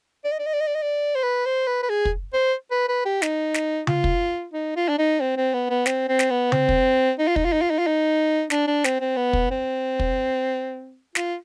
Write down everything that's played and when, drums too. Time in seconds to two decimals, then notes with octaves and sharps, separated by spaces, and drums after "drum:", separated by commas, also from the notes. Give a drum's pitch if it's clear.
0.24 D5
0.31 D#5
0.39 D5
0.46 D#5
0.53 D5
0.60 D#5
0.67 D5
0.75 D#5
0.82 D5
1.15 C5
1.23 B4
1.45 C5
1.67 B4
1.83 B4
1.89 G#4
2.05 drum: kick
2.33 C5
2.71 B4
2.88 B4
3.05 G4
3.22 D#4, drum: snare
3.54 drum: snare
3.87 F4, drum: tom C#3
4.04 drum: kick
4.53 D#4
4.76 F4
4.88 D4
4.98 D#4
5.20 C4
5.36 C4
5.53 B3
5.70 B3
5.86 C4, drum: snare
6.08 C4
6.19 drum: snare
6.30 B3
6.52 C4, drum: tom C#3
6.69 drum: kick
7.19 D#4
7.27 F4
7.36 D#4, drum: kick
7.45 F4
7.52 D#4
7.61 F4
7.70 D#4
7.78 F4
7.86 D#4
8.50 D4, drum: snare
8.67 D4
8.84 C4, drum: snare
9.00 C4
9.16 B3
9.33 drum: kick
9.50 C4
10.00 drum: kick
11.15 F4, drum: snare